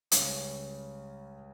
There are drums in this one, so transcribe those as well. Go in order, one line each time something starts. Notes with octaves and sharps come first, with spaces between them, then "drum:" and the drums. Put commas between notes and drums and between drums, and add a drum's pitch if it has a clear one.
C#2 C#3 G3 C#4, drum: hi-hat